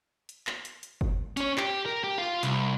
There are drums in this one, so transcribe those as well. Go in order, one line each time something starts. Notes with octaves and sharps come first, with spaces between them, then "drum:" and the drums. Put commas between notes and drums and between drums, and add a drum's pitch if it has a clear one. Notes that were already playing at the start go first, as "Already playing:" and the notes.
drum: hi-hat
drum: clap
drum: hi-hat
drum: hi-hat
drum: kick
C#4 C#5, drum: hi-hat
G4, drum: clap
A#4
G4
F4 F5
C2, drum: hi-hat